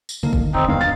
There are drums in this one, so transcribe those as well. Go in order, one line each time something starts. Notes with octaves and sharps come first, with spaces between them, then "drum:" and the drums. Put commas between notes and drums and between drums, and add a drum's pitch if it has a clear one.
drum: tambourine
D3 D#3 A#3
drum: kick
E1 C4 D#4
D#1 G2 F5
A6